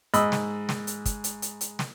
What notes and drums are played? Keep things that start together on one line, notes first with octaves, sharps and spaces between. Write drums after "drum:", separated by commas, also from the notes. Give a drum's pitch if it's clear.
G#2 D#5 B5 E6, drum: hi-hat
drum: snare
drum: snare
drum: hi-hat
drum: kick, hi-hat
drum: hi-hat
drum: hi-hat
drum: hi-hat
drum: snare